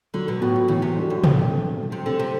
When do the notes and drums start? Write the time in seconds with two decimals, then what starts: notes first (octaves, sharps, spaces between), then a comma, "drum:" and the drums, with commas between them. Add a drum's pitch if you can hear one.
0.14 D3 F#3
0.28 B2
0.41 A2 B3 F#4
0.56 G2
0.68 A2 E3
0.82 C3
0.96 G3 D4 F#4 A4
1.10 F#2
1.24 G2 B2, drum: tom
1.51 A3 C4
1.78 F#3
1.92 C3
2.06 D3 A3 C4 G4
2.19 C3